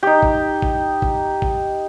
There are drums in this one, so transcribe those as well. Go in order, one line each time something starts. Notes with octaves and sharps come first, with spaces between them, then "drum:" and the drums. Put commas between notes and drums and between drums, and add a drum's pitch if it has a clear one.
D#4 G4
drum: kick
drum: kick
drum: kick
drum: kick